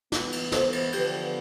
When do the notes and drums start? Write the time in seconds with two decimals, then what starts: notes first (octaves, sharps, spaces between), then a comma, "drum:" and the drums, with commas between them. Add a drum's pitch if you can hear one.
0.12 E3 B3, drum: snare
0.32 drum: cymbal
0.52 A4 C5, drum: snare
0.73 drum: cymbal
0.92 D3 F3 B3 G4 B4, drum: cymbal